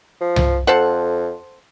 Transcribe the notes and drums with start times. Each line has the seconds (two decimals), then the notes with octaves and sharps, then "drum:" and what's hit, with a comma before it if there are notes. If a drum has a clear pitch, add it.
0.21 F3
0.36 drum: tom C2
0.67 F2 A4 C5 F#5